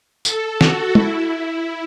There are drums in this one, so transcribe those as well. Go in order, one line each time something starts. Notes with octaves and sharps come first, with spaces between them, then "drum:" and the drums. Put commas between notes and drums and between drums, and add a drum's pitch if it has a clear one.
A4, drum: tambourine
F#4, drum: snare
E4, drum: tom